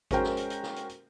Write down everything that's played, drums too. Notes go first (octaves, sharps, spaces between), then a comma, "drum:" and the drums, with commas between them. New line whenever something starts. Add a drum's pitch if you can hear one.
G#3 C#4 F#4 A#4 C5 G5, drum: kick G#1, hi-hat
drum: snare
drum: hi-hat
drum: hi-hat
drum: snare
drum: hi-hat
drum: hi-hat